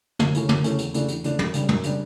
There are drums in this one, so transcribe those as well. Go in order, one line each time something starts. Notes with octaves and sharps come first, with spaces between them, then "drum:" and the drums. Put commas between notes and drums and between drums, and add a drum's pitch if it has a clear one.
F#2, drum: tom
C#3 E3 A3 C#4, drum: hi-hat
F#2, drum: tom
C#3 E3 A3 C#4, drum: hi-hat
E2, drum: hi-hat
C#3 E3 A3 D4, drum: hi-hat
E2, drum: hi-hat
C#3 E3 A3 D4, drum: hi-hat
F#2, drum: tom
C#3 G3 D4, drum: hi-hat
F#2, drum: tom
C#3 G3 D4, drum: hi-hat